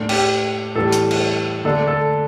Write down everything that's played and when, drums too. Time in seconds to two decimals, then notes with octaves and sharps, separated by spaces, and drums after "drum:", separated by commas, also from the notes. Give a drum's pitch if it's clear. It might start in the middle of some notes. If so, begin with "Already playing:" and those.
Already playing: A2 A3 D4
0.09 G4, drum: cymbal
0.75 A2 E3 G3 A4
0.92 drum: hi-hat
1.11 drum: cymbal
1.65 D3 A3 D4 A4
1.87 A4